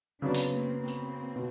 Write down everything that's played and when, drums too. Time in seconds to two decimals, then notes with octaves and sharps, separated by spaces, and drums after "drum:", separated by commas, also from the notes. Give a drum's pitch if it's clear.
0.22 C#3 F#3 B3 C4 D4
0.35 drum: open hi-hat
0.50 A#3 C4
0.79 A#3 C4
0.88 drum: tambourine
1.36 B2